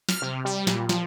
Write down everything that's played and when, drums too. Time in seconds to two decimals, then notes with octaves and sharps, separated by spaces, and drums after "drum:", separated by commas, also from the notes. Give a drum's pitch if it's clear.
0.09 F6, drum: snare
0.22 C3
0.45 G3
0.67 A#2, drum: snare
0.89 F3, drum: snare